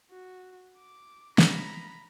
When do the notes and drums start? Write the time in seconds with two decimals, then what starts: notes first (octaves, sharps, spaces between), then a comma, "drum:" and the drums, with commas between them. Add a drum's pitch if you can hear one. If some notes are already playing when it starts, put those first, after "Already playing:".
0.11 F#4
0.77 D6
1.38 A#5 B5, drum: snare